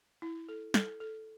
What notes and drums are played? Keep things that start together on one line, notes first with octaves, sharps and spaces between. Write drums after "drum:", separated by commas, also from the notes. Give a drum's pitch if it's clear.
E4
A4
A4, drum: snare
A4